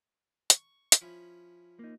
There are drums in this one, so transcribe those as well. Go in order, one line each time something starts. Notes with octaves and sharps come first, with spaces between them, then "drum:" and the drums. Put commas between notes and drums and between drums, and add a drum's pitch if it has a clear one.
C#6, drum: hi-hat
drum: hi-hat
F3 C#4 E4
A#3 D#4